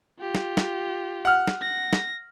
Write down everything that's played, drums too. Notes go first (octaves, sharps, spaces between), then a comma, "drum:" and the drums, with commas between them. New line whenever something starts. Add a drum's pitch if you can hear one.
F4 G4
drum: snare
drum: snare
F#5 F6
drum: snare
A#6
drum: snare